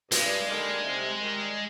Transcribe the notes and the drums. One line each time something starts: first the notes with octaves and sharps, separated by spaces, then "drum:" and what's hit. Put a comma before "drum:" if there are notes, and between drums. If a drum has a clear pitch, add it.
G2 G#3, drum: hi-hat
D3 G3 A#3 D#4
C3
D#3 G3